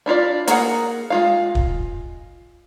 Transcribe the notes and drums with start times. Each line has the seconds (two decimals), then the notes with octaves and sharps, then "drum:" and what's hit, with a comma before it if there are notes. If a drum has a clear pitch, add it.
0.06 D4 E4 F4 D5
0.47 A#3 G#4 A#4 C5 F#5, drum: hi-hat
1.10 G#3 F4 F5
1.55 drum: kick